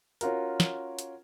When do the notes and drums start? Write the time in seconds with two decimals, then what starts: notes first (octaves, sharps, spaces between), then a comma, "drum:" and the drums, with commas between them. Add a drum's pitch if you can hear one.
0.21 C#4 F4 F#4 A#4, drum: hi-hat
0.60 drum: snare
0.99 drum: hi-hat